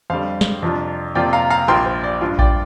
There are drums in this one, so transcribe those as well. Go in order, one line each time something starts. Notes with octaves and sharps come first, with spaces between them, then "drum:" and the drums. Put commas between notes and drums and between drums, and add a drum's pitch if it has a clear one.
F2 D3 G3 C5 F5
drum: snare
F2 C3 F3 D4 F4
F2 C3 A#3 F4 D5 G5
F5 A#5
F5 A#5
A#1 A#2 F3 A#3 F4 G5 C6
C5
D5
G2 F3 D4 F4
D5 G5, drum: kick A#1